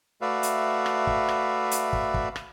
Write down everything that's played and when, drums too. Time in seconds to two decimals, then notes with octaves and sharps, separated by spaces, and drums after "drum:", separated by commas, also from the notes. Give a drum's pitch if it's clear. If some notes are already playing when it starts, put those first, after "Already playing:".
0.21 A3 F#4 B4 D5 E5 F5
0.43 drum: hi-hat
0.86 drum: rim click
1.07 drum: kick
1.29 drum: rim click
1.71 drum: hi-hat
1.93 drum: kick
2.14 drum: kick
2.36 drum: rim click